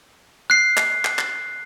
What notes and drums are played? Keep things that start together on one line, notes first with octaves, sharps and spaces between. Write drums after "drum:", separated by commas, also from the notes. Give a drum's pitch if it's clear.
F#6 C7
drum: clap
drum: clap
drum: clap